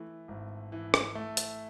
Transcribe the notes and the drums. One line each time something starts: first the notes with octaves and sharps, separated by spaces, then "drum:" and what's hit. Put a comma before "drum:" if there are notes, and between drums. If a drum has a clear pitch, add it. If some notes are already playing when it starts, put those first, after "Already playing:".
Already playing: E3 A3
G#1
E3
drum: rim click
A3
drum: hi-hat